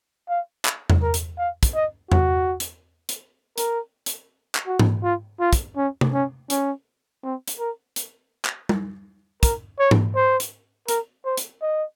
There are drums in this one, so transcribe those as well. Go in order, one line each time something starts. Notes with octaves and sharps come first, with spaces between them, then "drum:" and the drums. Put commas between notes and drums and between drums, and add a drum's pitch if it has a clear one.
F5
drum: clap
drum: tom E2
A#4
drum: hi-hat
F5
drum: kick, hi-hat
D#5
F#4, drum: tom E2
drum: hi-hat
drum: hi-hat
A#4, drum: hi-hat
drum: hi-hat
drum: clap
F#4
drum: tom G#2
F4
F4
drum: kick, hi-hat
C#4
drum: tom C3
C#4
C#4, drum: hi-hat
C4
drum: hi-hat
A#4
drum: hi-hat
drum: clap
drum: tom G3
A#4, drum: kick, hi-hat
C#5
drum: tom G#2
C5
drum: hi-hat
A#4, drum: hi-hat
C5
drum: hi-hat
D#5